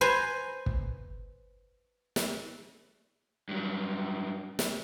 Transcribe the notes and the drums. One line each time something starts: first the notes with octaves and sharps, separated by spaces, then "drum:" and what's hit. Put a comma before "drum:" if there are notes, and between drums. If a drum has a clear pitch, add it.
B4 C5 G#5 A#5
drum: kick
drum: snare
G2 F#3
drum: snare